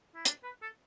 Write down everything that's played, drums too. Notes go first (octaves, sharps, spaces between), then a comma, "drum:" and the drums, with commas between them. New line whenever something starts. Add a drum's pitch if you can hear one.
E4
D4, drum: hi-hat
B4
A4